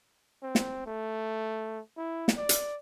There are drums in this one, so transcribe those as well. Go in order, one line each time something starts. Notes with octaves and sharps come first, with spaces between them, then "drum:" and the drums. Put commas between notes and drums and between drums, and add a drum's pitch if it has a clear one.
C4
drum: snare
A3
E4
drum: snare
D5
drum: hi-hat